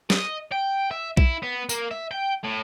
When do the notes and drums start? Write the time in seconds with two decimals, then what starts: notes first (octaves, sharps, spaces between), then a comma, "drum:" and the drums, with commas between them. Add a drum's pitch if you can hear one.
0.10 D#5, drum: snare
0.52 G5
0.91 E5
1.17 E4, drum: kick B1
1.43 B3
1.69 A#3, drum: tambourine
1.91 E5
2.11 G5
2.44 A2